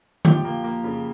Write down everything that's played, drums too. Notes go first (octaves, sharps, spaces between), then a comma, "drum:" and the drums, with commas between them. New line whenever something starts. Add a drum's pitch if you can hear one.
F3 G4 G5, drum: tom D3
A#3
A#3
C#3